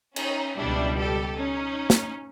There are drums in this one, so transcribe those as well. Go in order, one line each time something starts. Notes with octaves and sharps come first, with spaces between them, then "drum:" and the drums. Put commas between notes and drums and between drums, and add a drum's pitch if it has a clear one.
C#4 D#4, drum: cymbal
C#2 B2 G3 D4 E4
G4 A4
C#4 D#4
drum: snare